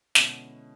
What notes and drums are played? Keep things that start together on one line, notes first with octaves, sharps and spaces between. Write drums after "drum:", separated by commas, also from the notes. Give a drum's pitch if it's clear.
B2 D3 G#3 C#4 E4, drum: snare